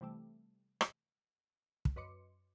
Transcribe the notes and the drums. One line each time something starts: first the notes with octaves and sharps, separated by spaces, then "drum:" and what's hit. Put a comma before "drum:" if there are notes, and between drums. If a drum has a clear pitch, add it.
C3 E3 G3 A3
drum: rim click
drum: kick
F#2 B4 D#5 C6 D6 C#7